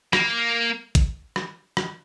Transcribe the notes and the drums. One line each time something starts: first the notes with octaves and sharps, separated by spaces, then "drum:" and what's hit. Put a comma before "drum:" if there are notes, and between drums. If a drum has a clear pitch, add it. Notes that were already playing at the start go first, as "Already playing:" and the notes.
A#3, drum: rim click
drum: kick G#1, hi-hat
drum: rim click
drum: rim click